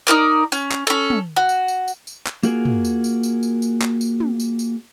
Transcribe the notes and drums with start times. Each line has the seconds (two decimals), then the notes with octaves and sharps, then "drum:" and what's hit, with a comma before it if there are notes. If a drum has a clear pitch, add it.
0.07 D#4 F4 A#4 D5
0.52 C#4, drum: tambourine
0.71 drum: clap
0.87 C#4 A4
1.10 drum: tom
1.36 F#4
1.49 drum: tambourine
1.68 drum: tambourine
1.88 drum: tambourine
2.07 drum: tambourine
2.26 drum: clap
2.43 A#3 F4 F#4 G#4 A#4, drum: tambourine
2.65 drum: tom
2.85 drum: tambourine
3.04 drum: tambourine
3.23 drum: tambourine
3.43 drum: tambourine
3.62 drum: tambourine
3.82 drum: clap
4.01 drum: tambourine
4.20 drum: tom
4.40 drum: tambourine
4.59 drum: tambourine